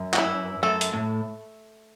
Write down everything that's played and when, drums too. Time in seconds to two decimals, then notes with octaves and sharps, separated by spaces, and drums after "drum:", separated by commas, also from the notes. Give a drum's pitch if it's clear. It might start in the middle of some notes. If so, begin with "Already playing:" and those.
Already playing: F#2
0.13 F#4, drum: clap
0.17 E3 E4
0.63 F#2 A3 A4
0.81 drum: hi-hat
0.93 A2